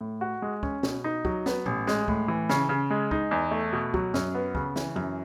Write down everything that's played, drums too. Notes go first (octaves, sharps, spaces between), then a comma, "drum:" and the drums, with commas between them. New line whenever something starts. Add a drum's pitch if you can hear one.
A2
F#4
G#3
C#4, drum: kick
B2, drum: snare
D#4
F#3, drum: kick
B3, drum: snare
A1, drum: tom A#2
G#3, drum: snare
A2, drum: kick
E3
C#3, drum: snare
C#3
G#3
D#4, drum: kick
E2
A3
B2
F#3, drum: kick
F#2, drum: snare
B3
C#3, drum: kick
E3, drum: snare
F#2, drum: tom F#3